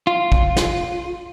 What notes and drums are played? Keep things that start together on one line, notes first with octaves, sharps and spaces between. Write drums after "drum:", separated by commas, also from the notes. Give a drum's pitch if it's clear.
F4
drum: kick
drum: snare